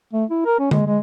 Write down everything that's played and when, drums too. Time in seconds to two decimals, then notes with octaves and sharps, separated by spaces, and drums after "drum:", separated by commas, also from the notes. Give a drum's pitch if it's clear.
0.13 A3
0.30 E4
0.46 A#4
0.59 C#4
0.71 G#3, drum: tom D3
0.87 G#3